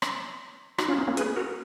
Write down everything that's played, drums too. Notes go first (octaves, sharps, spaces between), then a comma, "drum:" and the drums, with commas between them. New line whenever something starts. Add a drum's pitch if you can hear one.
drum: rim click
D#4 F#4, drum: rim click
C#4 F4
B3 D#4
A#3 C#4
G#4 B4, drum: hi-hat
F#4 A#4